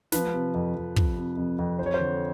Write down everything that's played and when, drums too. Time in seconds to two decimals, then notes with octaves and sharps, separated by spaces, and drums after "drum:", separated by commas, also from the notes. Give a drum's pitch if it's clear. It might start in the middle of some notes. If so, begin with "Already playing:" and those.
0.12 F3 B4, drum: snare
0.33 C3
0.54 F2
0.75 F2
0.96 F3, drum: kick
1.16 C3
1.37 F2
1.59 F2
1.79 F3 C5
1.86 C#5
1.94 C5
2.00 D3